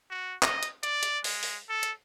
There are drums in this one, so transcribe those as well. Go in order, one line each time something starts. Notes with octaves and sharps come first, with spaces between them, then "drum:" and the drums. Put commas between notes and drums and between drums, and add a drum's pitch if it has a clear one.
F#4
D#5, drum: clap
drum: hi-hat
D5, drum: hi-hat
drum: hi-hat
G#3, drum: open hi-hat
drum: open hi-hat
A4
drum: hi-hat